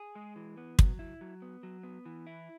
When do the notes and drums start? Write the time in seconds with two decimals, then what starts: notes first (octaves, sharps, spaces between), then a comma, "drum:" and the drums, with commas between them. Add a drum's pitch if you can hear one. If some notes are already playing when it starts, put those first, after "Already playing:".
Already playing: G#4
0.15 G#3
0.36 E3
0.57 B3
0.79 F#3, drum: kick
0.99 E4
1.21 F#3
1.42 B3
1.63 F#3
1.83 B3
2.06 E3
2.27 E4